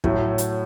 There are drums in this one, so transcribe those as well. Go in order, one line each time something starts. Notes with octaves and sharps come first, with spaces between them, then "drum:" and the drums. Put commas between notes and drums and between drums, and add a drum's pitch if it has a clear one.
A2 F#3 A3, drum: kick
drum: hi-hat